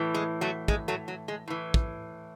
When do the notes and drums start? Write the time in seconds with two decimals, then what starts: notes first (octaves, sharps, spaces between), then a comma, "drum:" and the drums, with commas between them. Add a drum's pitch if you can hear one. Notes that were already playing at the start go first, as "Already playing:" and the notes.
Already playing: A2 E3
0.14 G#3
0.41 F#3 A3
0.68 G#3, drum: kick
0.88 F#3 A3
1.08 F#3
1.28 G#3
1.48 A2 E3
1.74 drum: kick